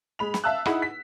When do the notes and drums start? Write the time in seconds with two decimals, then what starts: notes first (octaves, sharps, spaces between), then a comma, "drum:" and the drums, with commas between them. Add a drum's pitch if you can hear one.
0.19 G#3 B5 F7
0.34 drum: snare
0.44 E5 F5 A5 E6 F#6
0.66 D#4 E4 G#4 F#5 B5, drum: rim click
0.82 B6